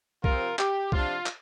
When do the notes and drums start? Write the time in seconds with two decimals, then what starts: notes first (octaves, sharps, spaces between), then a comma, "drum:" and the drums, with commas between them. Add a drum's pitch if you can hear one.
0.24 C3 F3 C4 F4 A#4, drum: kick
0.59 G4, drum: clap
0.92 C3 F3 D4 F4, drum: kick
1.26 drum: clap